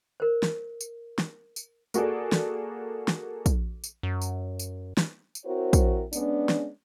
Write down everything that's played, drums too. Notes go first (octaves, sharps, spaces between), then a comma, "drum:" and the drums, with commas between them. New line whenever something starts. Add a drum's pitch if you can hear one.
A#4 C5
drum: snare
drum: tambourine
drum: snare
drum: tambourine
A#3 F#4 G#4 A4 D5, drum: tambourine
drum: snare
drum: snare
drum: kick, tambourine
drum: tambourine
F#2
drum: tambourine
drum: tambourine
drum: snare
drum: tambourine
C4 E4 F#4 A#4 C5 C#5
drum: kick, tambourine
G#3 B3 C#4 D4, drum: tambourine
drum: snare